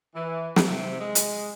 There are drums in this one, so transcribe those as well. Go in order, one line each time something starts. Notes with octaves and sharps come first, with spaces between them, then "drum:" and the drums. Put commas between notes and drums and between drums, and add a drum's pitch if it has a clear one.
E3
drum: snare
C3
G#3
drum: hi-hat